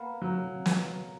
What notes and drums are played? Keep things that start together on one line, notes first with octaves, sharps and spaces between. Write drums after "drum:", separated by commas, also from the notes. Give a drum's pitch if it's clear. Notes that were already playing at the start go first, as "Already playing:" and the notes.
Already playing: A#3 B3
F#3
drum: snare